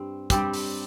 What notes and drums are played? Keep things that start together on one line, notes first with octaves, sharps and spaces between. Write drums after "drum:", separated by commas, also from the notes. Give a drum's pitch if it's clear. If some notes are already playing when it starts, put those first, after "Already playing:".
Already playing: G2 C4
G2 G3 C4 G4, drum: kick, hi-hat
drum: open hi-hat